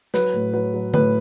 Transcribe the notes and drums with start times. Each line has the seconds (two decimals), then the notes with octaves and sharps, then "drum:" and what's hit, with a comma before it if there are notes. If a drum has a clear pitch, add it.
0.14 F#3 B4, drum: snare
0.33 A2
0.53 F#3 B4
0.74 F#3
0.94 A2 B4, drum: tom D3